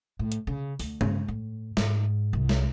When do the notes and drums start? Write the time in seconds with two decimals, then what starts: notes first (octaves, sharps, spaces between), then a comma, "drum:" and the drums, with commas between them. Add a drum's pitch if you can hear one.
0.19 A2
0.32 drum: hi-hat
0.47 C#3
0.80 D2, drum: open hi-hat
1.01 C#3, drum: tom
1.28 A2
1.77 G#2, drum: snare
2.33 C2
2.49 drum: snare